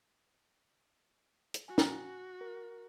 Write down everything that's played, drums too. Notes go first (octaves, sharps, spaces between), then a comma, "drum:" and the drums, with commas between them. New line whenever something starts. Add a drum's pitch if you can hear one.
drum: hi-hat
F#4 G#5
drum: snare
A#4